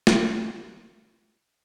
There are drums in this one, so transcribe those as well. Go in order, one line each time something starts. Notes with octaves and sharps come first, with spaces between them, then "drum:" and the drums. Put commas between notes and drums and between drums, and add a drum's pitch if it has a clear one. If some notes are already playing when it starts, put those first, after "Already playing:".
F#5 G5 A#5 C6, drum: snare